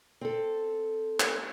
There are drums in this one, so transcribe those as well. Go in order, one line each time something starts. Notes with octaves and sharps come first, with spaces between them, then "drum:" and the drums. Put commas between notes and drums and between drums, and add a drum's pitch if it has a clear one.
C4 A4
drum: clap